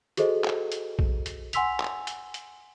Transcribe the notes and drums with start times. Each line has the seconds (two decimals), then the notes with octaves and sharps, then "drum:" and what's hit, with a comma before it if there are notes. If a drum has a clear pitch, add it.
0.17 F#4 G#4 A4 C5 D#5, drum: hi-hat
0.45 drum: clap
0.72 drum: hi-hat
0.99 drum: kick
1.26 drum: hi-hat
1.53 F#5 G#5 C6 E6 B6 F7, drum: hi-hat
1.80 drum: clap
2.07 drum: hi-hat
2.34 drum: hi-hat